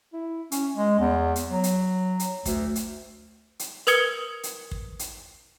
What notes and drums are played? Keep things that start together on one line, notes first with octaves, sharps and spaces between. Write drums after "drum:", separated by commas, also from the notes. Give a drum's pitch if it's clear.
E4
C#4, drum: hi-hat
G#3
E2
drum: hi-hat
F#3
drum: hi-hat
drum: hi-hat
D2, drum: kick, hi-hat
drum: hi-hat
drum: hi-hat
A#4 B4 D#6 G#6 C#7 G7, drum: hi-hat
drum: hi-hat
drum: kick
drum: hi-hat